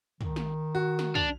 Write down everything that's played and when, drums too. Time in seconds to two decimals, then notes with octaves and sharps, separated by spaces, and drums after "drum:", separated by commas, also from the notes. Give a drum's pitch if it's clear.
0.21 D#3, drum: tom
0.36 drum: snare
0.75 F#4
0.99 drum: snare
1.15 D4 F7, drum: tom